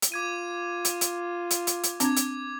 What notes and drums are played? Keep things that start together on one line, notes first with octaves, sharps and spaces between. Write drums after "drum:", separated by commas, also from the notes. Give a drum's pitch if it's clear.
drum: hi-hat
F4 D6 G#6 D#7
drum: hi-hat
drum: hi-hat
drum: hi-hat
drum: hi-hat
drum: hi-hat
C4 D4 D6 G#6, drum: hi-hat
drum: hi-hat